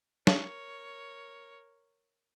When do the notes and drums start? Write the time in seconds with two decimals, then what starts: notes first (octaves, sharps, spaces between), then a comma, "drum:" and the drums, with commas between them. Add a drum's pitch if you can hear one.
0.27 A#4 C#5, drum: snare